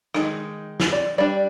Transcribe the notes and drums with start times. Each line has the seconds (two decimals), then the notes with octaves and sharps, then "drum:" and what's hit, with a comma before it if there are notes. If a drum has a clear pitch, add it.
0.14 D#3 G#3 D#4, drum: rim click
0.80 drum: snare
0.93 D5
1.18 G3 D4 D5